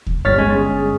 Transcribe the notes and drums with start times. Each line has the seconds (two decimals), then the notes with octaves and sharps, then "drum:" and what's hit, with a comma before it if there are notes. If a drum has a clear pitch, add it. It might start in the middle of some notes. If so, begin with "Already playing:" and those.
0.07 drum: kick D2
0.25 G1 G3 C#5 F6 A6 B6
0.38 G#3 C#4
0.53 G#4